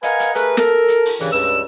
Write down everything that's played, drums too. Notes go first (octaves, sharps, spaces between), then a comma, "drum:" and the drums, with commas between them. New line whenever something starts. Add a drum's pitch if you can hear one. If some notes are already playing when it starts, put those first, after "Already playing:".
A#4 B4 D#5 F5 F#5 G#5, drum: hi-hat
drum: hi-hat
A3 G#4 A#4 B4, drum: hi-hat
A4 A#4, drum: snare
drum: hi-hat
drum: open hi-hat
G2 C#3 E3, drum: hi-hat
C#2 G2 E6